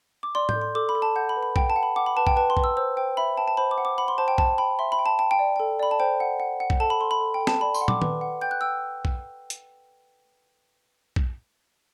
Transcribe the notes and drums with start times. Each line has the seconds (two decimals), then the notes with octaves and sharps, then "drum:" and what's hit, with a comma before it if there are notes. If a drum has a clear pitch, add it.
0.23 D6
0.35 D5 C6
0.49 G6, drum: tom A2
0.55 A4
0.62 C6
0.75 A4 D6
0.89 B5
0.95 A4
1.02 A5
1.16 F#5 G6
1.29 B5
1.36 B4
1.43 B5
1.56 F#5 G5, drum: kick A#1
1.70 A5
1.76 F#5
1.83 B5
1.96 F#5 D6
2.06 B5
2.16 B4 A5
2.27 G5, drum: kick A#1
2.36 B4 A5
2.50 C6
2.57 B4, drum: kick A#1
2.64 E6
2.77 C5 E6
2.97 C5 G5
3.17 E5 B5
3.38 G5 A5
3.48 A5
3.57 C5 B5
3.71 D6
3.78 F#5
3.85 D6
3.98 F#5 B5
4.08 C6
4.18 C5 A5
4.28 G5
4.38 G5 A5, drum: kick A#1
4.58 G5 B5
4.79 E5 C6
4.92 B5
4.99 G5
5.06 A5
5.19 G5 A5
5.31 G5
5.39 D5
5.56 A4 G5
5.79 D5 B5
5.91 A5
6.00 C5 G5
6.20 F#5
6.40 F#5
6.60 F#5
6.70 drum: kick A#1
6.80 A4 A5
6.90 B5
7.00 A4 C6
7.11 B5
7.21 A4
7.34 G5
7.41 A4
7.47 A5, drum: snare
7.61 D5 B5
7.74 C6, drum: tambourine
7.81 F#5
7.88 D6, drum: tom
8.02 B4, drum: tom D#3
8.21 F#5
8.41 G5 G6
8.51 F#6
8.61 G5 E6
9.05 drum: kick A#1
9.50 drum: hi-hat
11.16 drum: kick A#1